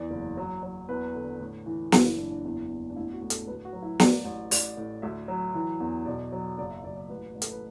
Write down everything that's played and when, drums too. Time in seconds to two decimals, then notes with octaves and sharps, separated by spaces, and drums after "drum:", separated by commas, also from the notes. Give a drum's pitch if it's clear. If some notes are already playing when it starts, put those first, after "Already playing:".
Already playing: E2 E3 D5
0.11 F#1
0.37 F#3
0.63 F#3
0.89 E2 B4
1.15 D3
1.40 A2
1.66 E3
1.92 F#1 A4, drum: snare
2.05 E4
2.18 F#1 D4
2.31 D4
2.44 E2 E4
2.70 E2
2.90 D4
2.96 A1 E4
3.13 F#4
3.22 A2
3.30 A4, drum: hi-hat
3.47 D2 B4
3.65 F#4
3.73 F#3
3.82 E4
4.00 A1 D5, drum: snare
4.25 A1
4.51 A1 D5, drum: open hi-hat
4.77 A2
5.02 D2 E5
5.28 F#3
5.55 E3
5.80 E2
6.06 B1 D5
6.32 F#3
6.58 F#1 D5
6.71 E5
6.84 F#1 D5
6.97 D5
7.10 A1 B4
7.35 A1
7.42 A4, drum: hi-hat
7.52 B4